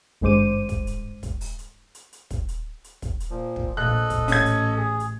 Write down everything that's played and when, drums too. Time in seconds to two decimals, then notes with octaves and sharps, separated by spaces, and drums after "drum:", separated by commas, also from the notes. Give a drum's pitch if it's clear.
0.21 G#1 G2 G#3 C5 D6 D#7
0.69 drum: kick, hi-hat
0.87 drum: hi-hat
1.23 drum: kick, hi-hat
1.41 drum: open hi-hat
1.59 drum: hi-hat
1.95 drum: hi-hat
2.13 drum: hi-hat
2.31 drum: kick, hi-hat
2.48 drum: hi-hat
2.84 drum: hi-hat
3.02 drum: kick, hi-hat
3.20 drum: hi-hat
3.30 A#2 F3
3.56 drum: kick
3.77 A#1 A4 D#5 F#6
4.10 drum: kick, hi-hat
4.28 A1 C#4 G#6, drum: open hi-hat
4.46 drum: hi-hat
4.77 G#4
5.00 drum: hi-hat